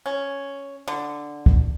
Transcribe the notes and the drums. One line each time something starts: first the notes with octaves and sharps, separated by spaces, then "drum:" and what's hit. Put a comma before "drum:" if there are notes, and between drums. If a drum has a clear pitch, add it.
C#4
D3
drum: kick